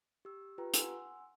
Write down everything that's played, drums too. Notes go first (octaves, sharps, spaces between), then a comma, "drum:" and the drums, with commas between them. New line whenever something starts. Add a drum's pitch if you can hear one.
G4 E6
F4 G4 B4 G5 A#5
F#5 G#5 C6 E6, drum: hi-hat